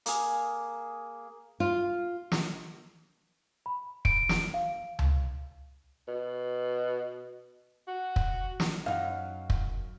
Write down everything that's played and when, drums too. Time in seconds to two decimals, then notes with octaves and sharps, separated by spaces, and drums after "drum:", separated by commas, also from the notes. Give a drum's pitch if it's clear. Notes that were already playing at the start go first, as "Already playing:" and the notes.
0.06 A#3 G#4, drum: hi-hat
1.60 F4
2.32 drum: snare
3.66 B5
4.05 D7, drum: kick
4.29 drum: snare
4.54 F5
4.99 drum: tom C#2
6.08 B2
7.87 F#4
8.16 drum: kick
8.60 drum: snare
8.86 F#2 D#4 F5 F#5
9.50 drum: kick